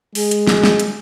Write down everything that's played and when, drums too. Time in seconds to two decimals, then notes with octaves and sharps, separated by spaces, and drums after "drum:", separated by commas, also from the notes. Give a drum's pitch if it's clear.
0.15 G#3 G#4, drum: open hi-hat
0.31 drum: hi-hat
0.47 drum: snare
0.63 drum: snare
0.80 drum: hi-hat